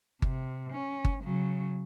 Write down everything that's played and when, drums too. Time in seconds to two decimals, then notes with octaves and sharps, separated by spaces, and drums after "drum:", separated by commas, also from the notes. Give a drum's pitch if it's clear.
0.22 C3, drum: kick G1
0.73 C#4
1.05 drum: kick G1
1.23 C#3 F#3